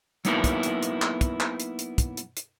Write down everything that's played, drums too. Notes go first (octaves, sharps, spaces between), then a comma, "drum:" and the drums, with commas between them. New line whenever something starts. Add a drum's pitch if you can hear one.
F#3 A#3 B3 D#4 E4 A#4, drum: hi-hat
drum: kick, hi-hat
drum: hi-hat
drum: hi-hat
drum: clap
drum: kick, hi-hat
drum: clap
drum: hi-hat
drum: hi-hat
drum: kick, hi-hat
drum: hi-hat
drum: hi-hat